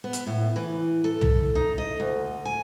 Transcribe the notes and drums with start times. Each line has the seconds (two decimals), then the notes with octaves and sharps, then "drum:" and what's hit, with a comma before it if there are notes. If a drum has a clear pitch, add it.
0.04 B3
0.13 drum: hi-hat
0.26 A2
0.56 E3
1.04 A4
1.21 drum: tom
1.55 D#4
1.78 D#5
2.00 D2
2.45 G#5